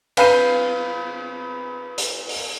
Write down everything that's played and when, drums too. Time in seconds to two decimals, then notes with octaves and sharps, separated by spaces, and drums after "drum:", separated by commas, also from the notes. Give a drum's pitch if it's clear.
0.17 B4 F5 B5 G6 C7 D#7, drum: cymbal
1.98 drum: hi-hat
2.29 drum: open hi-hat